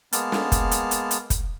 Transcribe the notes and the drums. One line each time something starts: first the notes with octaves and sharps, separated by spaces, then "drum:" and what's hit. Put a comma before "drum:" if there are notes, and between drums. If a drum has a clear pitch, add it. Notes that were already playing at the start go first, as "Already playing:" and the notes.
G#3 A#3 B3 A5 F6, drum: hi-hat
drum: snare
drum: kick, hi-hat
drum: hi-hat
drum: hi-hat
drum: hi-hat
drum: kick, hi-hat